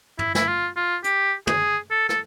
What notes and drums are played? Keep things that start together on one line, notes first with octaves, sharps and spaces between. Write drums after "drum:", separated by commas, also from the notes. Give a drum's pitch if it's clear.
E4, drum: tom
E4, drum: snare
F4
F4
G4, drum: hi-hat
G#4, drum: tom
A4
A4, drum: rim click